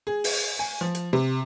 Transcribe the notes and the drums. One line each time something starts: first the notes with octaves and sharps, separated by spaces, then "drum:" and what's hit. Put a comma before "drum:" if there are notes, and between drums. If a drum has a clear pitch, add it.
G#4
drum: open hi-hat
G#5
F3
drum: hi-hat
C3